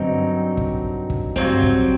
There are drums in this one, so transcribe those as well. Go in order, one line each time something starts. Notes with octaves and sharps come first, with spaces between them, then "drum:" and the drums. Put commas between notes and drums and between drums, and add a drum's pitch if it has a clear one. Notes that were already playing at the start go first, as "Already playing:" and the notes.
Already playing: G2 D3 F#3 C4 D#4
drum: kick
drum: kick
G2 F#3 C4
drum: kick